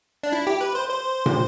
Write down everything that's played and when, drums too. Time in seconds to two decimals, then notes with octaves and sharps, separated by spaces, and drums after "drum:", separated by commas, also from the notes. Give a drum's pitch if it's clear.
0.23 D4
0.33 E4
0.47 G4
0.61 B4
0.75 C5
0.89 C5
1.26 drum: tom